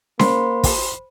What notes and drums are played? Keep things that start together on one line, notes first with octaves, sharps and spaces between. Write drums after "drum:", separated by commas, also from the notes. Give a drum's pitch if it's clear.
A#3 C5 B5 C6, drum: snare C#4
drum: kick, open hi-hat